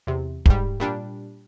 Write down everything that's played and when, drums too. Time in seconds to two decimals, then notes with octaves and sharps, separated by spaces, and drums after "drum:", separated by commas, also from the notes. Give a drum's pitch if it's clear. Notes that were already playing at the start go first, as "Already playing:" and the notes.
0.07 E2 C3
0.46 G#2 G3, drum: kick
0.80 A#2 G3 D4